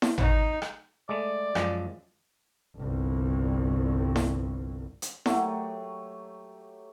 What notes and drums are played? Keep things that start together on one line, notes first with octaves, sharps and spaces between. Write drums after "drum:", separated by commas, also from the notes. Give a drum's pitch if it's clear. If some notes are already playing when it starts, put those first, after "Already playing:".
drum: snare E4
D#4, drum: tom G#1
drum: rim click
G#3 A3 D5
F#2 F3 G#3, drum: rim click
G1 C2
drum: snare E4
drum: hi-hat
F#3 A3 G4 C#5, drum: snare E4